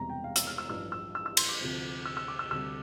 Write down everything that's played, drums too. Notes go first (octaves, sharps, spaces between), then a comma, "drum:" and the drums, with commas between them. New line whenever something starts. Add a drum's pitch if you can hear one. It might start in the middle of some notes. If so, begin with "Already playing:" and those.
Already playing: E1 E2 C3 E3 G3 A#5
G5
F5
E6, drum: hi-hat
F6
E6
A1 G2 F3 E6
E6
E6
E6
C6, drum: cymbal
D6
D2 C3 F3
E6
E6
D6
E6
D2 C3 G3 E6